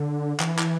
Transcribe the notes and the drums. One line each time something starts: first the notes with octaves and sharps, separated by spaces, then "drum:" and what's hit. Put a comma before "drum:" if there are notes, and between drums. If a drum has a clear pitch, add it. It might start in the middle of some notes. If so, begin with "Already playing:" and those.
Already playing: D3
E3, drum: clap
drum: clap